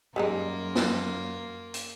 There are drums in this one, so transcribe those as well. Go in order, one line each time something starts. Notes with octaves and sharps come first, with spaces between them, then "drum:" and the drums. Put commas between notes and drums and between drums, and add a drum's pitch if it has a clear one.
F#2 G3 G#3 A#3 D#4 F4
drum: snare
drum: hi-hat